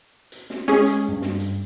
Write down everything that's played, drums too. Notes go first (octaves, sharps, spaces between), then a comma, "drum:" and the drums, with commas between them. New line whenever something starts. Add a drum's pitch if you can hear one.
drum: hi-hat
drum: snare
G#3 C#4 G#4, drum: hi-hat
drum: hi-hat
G2
drum: snare
drum: hi-hat